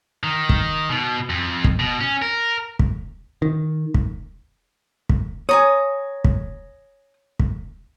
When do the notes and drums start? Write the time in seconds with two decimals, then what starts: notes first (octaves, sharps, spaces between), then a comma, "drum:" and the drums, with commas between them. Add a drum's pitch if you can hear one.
0.24 D#3
0.49 drum: kick
0.90 B2
1.30 F2
1.64 drum: kick
1.79 B2
2.01 C#4
2.22 A#4
2.79 drum: kick
3.42 D#3
3.94 drum: kick
5.09 drum: kick
5.49 C#5 G#5 A#5 D#6
6.24 drum: kick
7.39 drum: kick